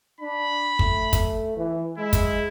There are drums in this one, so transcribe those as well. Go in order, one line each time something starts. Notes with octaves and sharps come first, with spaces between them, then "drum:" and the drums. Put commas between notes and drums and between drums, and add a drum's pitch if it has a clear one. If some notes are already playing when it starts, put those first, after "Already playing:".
D4 B5
A3, drum: kick
drum: kick, hi-hat
E3
G#3 E4
drum: kick, hi-hat